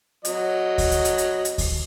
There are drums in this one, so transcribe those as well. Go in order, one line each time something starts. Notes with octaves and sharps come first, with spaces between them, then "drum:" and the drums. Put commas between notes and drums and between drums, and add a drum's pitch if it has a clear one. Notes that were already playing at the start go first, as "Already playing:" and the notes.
F#3 D#5, drum: hi-hat
drum: kick D2, open hi-hat
drum: hi-hat
drum: hi-hat
drum: hi-hat
drum: hi-hat
drum: kick D2, open hi-hat